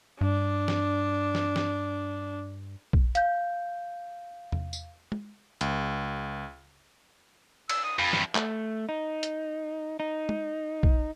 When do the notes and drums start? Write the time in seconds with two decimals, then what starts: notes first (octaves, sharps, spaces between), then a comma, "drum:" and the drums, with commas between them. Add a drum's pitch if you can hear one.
0.21 G2 D4
0.68 drum: snare
1.35 drum: snare
1.56 drum: snare
2.93 drum: kick A#1
3.15 F5 G6, drum: hi-hat
4.52 drum: tom E2
4.73 drum: tambourine
5.12 drum: tom
5.61 C#2, drum: hi-hat
7.69 E6, drum: cymbal
7.84 D#6
7.99 F2 B5
8.13 G2 D#3, drum: snare
8.35 A3, drum: clap
8.89 D#4
9.23 drum: hi-hat
10.00 D#4
10.29 drum: tom
10.83 drum: kick A#1